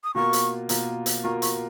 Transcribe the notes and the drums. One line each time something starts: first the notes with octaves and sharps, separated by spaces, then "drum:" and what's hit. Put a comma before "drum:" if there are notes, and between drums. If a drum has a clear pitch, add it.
D#6
B2 A#3 F4 A#4 C#6
drum: hi-hat
B2 A#3 F4 A#4, drum: hi-hat
drum: hi-hat
B2 A#3 F4 A#4 C#6
C#6, drum: hi-hat